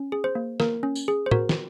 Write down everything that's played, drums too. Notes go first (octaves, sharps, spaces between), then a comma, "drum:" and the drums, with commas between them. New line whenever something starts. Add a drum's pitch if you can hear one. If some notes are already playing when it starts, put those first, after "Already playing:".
Already playing: C#4
G#4
C5
A#3
A#3 A#4, drum: snare
C#4
drum: tambourine
G#4
C5
F#4 A#4, drum: tom
drum: snare